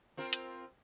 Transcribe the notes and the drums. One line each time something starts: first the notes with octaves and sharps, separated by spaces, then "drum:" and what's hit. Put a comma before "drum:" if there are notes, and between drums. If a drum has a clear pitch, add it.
C4 F4 A#4
drum: hi-hat